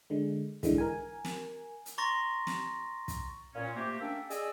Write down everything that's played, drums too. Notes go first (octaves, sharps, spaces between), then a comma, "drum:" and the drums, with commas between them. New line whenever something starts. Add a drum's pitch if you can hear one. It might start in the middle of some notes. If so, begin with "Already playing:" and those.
D3 G#3
G#2 D3 E3 G#3, drum: kick, hi-hat
A#4 G#5
drum: snare
drum: hi-hat
A#5 C6 C#6 A6 A#6
drum: snare
drum: kick, hi-hat
A#2 C#4
C3 A3 A#3 G4
A#3 C#4 D4 A4 E5 G5
G#4 D5 D#5 E6, drum: hi-hat